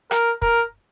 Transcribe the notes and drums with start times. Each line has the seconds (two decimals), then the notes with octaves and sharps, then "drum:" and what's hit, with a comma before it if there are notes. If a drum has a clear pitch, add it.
0.11 A#4, drum: rim click
0.42 A#4, drum: kick